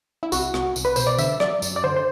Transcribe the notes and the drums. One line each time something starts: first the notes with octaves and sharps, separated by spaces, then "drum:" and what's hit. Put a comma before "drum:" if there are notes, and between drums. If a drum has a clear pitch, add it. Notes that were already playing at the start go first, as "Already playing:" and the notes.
E4
C2 F#4, drum: tambourine
C2, drum: rim click
C2, drum: tambourine
B4
B2 C5, drum: tambourine
D5
D3 E5, drum: tambourine
F#3 D5, drum: rim click
F#2, drum: tambourine
D5
D3 C5
C5